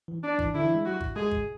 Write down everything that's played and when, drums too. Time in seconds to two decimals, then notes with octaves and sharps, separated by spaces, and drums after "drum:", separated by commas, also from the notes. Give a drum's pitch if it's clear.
0.08 E3
0.23 D4
0.39 E3, drum: kick
0.54 D3 E4
0.64 E3
0.75 G#3
0.85 F#3 F#4
1.01 drum: kick
1.16 G#3 G#4
1.31 drum: kick